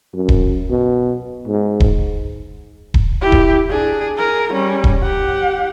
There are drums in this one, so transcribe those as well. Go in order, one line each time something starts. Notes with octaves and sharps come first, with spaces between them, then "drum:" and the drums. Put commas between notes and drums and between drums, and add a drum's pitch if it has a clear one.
F#2
drum: kick D#1
B2
G#2
drum: kick D#1
drum: kick D#1
E4 G4
drum: kick D#1
D4 G#4
G#4 A#4
G3 C#4
drum: kick D#1
G4 F#5